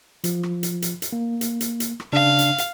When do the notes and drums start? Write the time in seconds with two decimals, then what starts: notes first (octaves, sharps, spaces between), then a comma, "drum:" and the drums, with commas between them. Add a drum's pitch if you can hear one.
0.24 F3 F4, drum: hi-hat
0.43 drum: rim click
0.63 drum: hi-hat
0.82 drum: hi-hat
1.02 drum: hi-hat
1.13 A#3
1.41 drum: hi-hat
1.61 drum: hi-hat
1.80 drum: hi-hat
2.00 drum: rim click
2.13 C#3 D4 F5
2.39 drum: hi-hat
2.58 drum: hi-hat